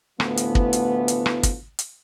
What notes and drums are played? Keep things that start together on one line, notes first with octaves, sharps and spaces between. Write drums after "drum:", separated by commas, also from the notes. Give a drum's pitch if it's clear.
D2 A2 E3 F3 B3, drum: rim click
drum: hi-hat
drum: kick
drum: hi-hat
drum: hi-hat
drum: rim click
drum: kick, hi-hat
drum: hi-hat